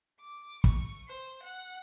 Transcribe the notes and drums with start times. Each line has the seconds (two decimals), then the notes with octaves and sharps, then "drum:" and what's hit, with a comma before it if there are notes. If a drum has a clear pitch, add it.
0.20 D6
0.64 C#6, drum: kick
1.08 C5
1.43 F#5